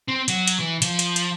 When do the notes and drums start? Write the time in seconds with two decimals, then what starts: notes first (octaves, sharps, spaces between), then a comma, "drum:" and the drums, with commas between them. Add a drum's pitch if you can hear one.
0.08 C4
0.28 F#3, drum: hi-hat
0.47 drum: hi-hat
0.59 E3
0.82 F3, drum: hi-hat
0.99 drum: hi-hat
1.16 drum: hi-hat